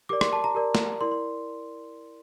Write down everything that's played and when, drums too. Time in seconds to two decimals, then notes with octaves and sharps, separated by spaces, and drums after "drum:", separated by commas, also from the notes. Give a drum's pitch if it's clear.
0.09 G4 A#4 D5 D6
0.21 C6, drum: rim click
0.33 A5
0.44 A#5
0.55 G4 A#4 D5
0.75 drum: snare
1.01 E4 A#4 D5 C6
1.11 C6